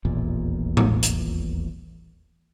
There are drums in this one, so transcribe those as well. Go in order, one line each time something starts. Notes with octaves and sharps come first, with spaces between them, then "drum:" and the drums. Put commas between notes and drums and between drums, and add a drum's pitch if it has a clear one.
D#1 A1 E2 A#2
drum: tom A2
drum: hi-hat